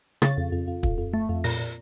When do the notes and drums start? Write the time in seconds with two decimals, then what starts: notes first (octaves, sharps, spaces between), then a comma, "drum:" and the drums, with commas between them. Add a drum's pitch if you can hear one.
0.22 C#3 A6, drum: rim click
0.37 F2
0.52 F2
0.68 F2
0.83 F2, drum: kick
0.98 F2
1.13 A3
1.29 F2
1.44 A#2 A#6, drum: open hi-hat
1.60 A#2